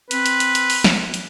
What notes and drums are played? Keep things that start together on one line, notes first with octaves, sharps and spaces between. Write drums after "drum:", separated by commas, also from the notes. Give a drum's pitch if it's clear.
C4 B4, drum: hi-hat
drum: hi-hat
drum: hi-hat
drum: hi-hat
drum: open hi-hat
drum: snare
drum: hi-hat